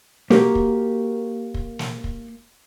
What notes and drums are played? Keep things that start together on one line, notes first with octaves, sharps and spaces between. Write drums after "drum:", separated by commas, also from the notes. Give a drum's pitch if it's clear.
A#3 F#4 G4 A#4, drum: snare
drum: kick
drum: kick
drum: snare
drum: kick